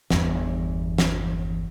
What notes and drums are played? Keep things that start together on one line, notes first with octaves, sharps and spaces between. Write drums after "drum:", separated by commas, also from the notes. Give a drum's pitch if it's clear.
G1 E2, drum: snare
drum: snare